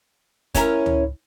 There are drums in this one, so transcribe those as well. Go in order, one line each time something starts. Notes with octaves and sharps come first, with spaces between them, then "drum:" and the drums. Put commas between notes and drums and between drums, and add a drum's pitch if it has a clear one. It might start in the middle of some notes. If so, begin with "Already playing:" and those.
C#4 E4 A#4, drum: kick, hi-hat
drum: tom C#2